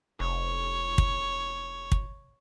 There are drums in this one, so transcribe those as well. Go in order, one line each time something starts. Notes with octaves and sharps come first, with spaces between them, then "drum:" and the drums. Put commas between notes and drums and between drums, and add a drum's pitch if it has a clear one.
F1 C#5
drum: kick
drum: kick